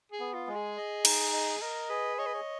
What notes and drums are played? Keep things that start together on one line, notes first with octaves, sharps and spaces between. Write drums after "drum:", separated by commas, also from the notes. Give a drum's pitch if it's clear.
G#4
B3
F4
G#3
G#4
D#5
D#4, drum: cymbal
D#5
A#4 D#5
G#4 B4
C#5 D#5
B4
C#5